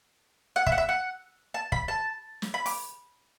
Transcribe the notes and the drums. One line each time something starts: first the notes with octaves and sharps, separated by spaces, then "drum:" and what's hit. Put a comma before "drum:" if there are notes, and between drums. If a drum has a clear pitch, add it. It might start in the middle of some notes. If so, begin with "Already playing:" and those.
F#5
E5, drum: kick
F#5
E5
F#5
A5
B5, drum: kick
A5
drum: snare
B5
D6, drum: open hi-hat